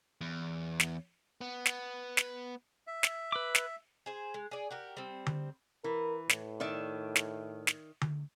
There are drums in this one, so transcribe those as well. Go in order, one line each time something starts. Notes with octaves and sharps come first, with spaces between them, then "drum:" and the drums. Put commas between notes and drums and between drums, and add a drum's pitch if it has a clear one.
E2
drum: snare
B3
drum: snare
drum: snare
E5
drum: snare
B4 D6
drum: snare
G#4 C5
G#3
G#4 D5
F#4 G4 A#4
G3 C4
drum: tom D3
E3 A#4
A2, drum: snare
D#3 D5 E5
drum: snare
drum: snare
drum: tom D3